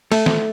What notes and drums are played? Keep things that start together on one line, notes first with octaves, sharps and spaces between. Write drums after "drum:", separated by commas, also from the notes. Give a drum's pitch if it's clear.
A3, drum: open hi-hat
drum: snare